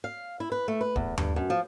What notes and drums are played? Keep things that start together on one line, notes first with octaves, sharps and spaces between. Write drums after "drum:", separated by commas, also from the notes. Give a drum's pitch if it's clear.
F5
E4
B4
A3
B4
E2, drum: kick
G2, drum: tom D#2
F#2
F3